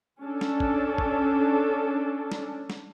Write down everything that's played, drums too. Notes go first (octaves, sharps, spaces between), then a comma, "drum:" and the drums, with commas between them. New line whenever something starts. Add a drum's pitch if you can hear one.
C#4 D4 A4
drum: snare
drum: kick
drum: kick
drum: snare
drum: snare